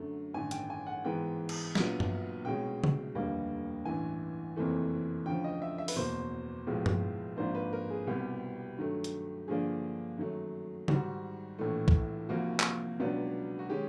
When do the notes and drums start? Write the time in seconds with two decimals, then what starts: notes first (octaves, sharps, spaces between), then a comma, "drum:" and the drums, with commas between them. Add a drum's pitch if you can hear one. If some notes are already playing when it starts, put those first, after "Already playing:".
Already playing: F#2 D3 F#3 A3
0.34 A1 G2 D#3 G#5
0.51 G5, drum: hi-hat
0.70 G#5
0.87 F#5
1.05 G#2 E3 G#3 B3 G5
1.49 drum: cymbal
1.75 A#1 A#2 F#3 B3, drum: snare
2.00 drum: tom G2
2.45 C2 B2 G#3 C#4 G5
2.84 drum: tom C#3
3.15 F1 D#2 D3 G3 A#3
3.85 A1 G2 E3 G#5
4.56 F#1 F2 C3 E3 A3
5.26 D2 C#3 F3 G5
5.44 D#5
5.62 E5
5.78 E5
5.88 B4, drum: open hi-hat
5.96 F#1 E2 B2 C5
6.67 B1 A2 F3 G#3 B3
6.86 drum: tom G2
7.37 G#1 G#2 F3 A#3 D4 C5
7.55 B4
7.73 A#4
7.90 G#4
8.07 C2 B2 G3 B3 G4
8.78 G2 D#3 F#3 A3
9.04 drum: hi-hat
9.48 G2 D3 F3 A#3 D4 G#4
10.18 F#2 D#3 F#3 A3
10.88 G#2 D#3 G3 F#4, drum: tom C#3
11.58 A#1 A2 E3 A3
11.88 drum: kick B1
12.29 C2 C3 F3 A#3 F#4
12.60 drum: clap
13.00 C#2 B2 F#3 B3 D4
13.59 F#4
13.70 D#3 G#3 C#4 G4